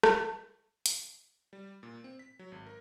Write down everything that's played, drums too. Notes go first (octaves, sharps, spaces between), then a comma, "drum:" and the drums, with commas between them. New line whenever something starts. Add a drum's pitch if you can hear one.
drum: rim click
drum: hi-hat
G3
A#2
C4
B6
F#3
G#1
A#4